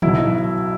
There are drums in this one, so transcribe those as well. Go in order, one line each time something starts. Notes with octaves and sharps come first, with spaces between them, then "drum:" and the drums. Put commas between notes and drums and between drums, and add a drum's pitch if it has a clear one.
B1 B2 F#3 E4, drum: tom